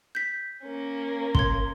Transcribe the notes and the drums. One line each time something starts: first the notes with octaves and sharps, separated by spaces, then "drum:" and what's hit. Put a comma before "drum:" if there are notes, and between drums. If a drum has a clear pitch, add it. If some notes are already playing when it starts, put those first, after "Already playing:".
G6 B6
A#3 C#4
C6 G#6, drum: kick